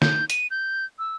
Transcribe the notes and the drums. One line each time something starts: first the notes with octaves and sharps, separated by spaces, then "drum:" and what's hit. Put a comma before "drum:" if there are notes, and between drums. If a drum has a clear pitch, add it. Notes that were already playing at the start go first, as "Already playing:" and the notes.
G6, drum: snare
D#7, drum: hi-hat
G6
E6